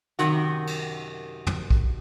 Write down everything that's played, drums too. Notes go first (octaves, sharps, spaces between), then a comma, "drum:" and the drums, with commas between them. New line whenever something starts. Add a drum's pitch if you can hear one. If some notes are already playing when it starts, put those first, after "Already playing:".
F#2 C3 D#3 F#4, drum: hi-hat
drum: cymbal
drum: tom
drum: kick B1